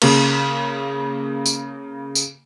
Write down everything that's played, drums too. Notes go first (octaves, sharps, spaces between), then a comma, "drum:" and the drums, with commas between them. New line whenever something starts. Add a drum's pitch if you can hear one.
C#3 A#3, drum: cymbal
drum: tambourine
drum: tambourine